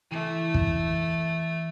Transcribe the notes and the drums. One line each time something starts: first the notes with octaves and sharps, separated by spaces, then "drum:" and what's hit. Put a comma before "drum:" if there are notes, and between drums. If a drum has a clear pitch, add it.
E3 A3
drum: kick